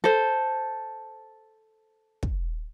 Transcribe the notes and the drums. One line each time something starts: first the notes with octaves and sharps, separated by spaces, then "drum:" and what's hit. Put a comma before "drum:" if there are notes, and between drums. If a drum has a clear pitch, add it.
A4 C5
drum: kick